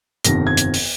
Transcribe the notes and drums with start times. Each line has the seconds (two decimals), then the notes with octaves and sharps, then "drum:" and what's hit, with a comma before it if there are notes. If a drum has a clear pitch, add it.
0.25 G1 F2 C3 D#3 A#6, drum: hi-hat
0.47 G#6
0.57 drum: hi-hat
0.74 drum: open hi-hat